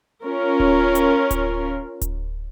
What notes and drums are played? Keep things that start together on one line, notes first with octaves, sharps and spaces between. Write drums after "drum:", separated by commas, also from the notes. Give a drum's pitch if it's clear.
C#4 F4 A#4
drum: kick D1
drum: hi-hat
drum: kick D1, hi-hat
drum: kick D1, hi-hat